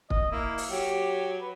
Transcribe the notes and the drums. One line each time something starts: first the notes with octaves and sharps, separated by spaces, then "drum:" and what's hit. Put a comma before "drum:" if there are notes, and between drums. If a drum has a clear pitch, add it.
D#5, drum: kick
A#3 E4
drum: open hi-hat
F#3 G4
B4